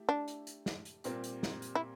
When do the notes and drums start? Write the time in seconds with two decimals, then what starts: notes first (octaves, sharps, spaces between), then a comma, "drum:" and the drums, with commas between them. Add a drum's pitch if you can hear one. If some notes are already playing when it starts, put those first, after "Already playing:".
Already playing: A3 E4 G4
0.09 D4
0.28 drum: hi-hat
0.47 drum: hi-hat
0.66 drum: snare
0.85 drum: hi-hat
1.04 A#2 G3 C4 G4 A#4, drum: hi-hat
1.24 drum: hi-hat
1.43 drum: snare
1.62 drum: hi-hat
1.75 E4